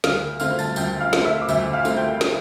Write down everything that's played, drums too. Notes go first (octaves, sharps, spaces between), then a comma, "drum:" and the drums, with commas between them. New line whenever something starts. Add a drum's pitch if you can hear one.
D2 F5 F6, drum: snare
D3 A3 C4 F5 F6, drum: tambourine
A5 A6, drum: tambourine
D2 G5 G6, drum: tambourine
F5 F6
D3 A3 C4, drum: snare
E5 E6
D6
D2 E5 E6, drum: tambourine
F5 F6
D3 A3 C4, drum: tambourine
G5 G6
drum: snare